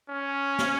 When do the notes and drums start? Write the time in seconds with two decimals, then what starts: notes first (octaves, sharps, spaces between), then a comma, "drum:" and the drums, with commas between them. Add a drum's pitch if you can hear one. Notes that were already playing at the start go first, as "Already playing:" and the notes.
0.09 C#4
0.59 drum: snare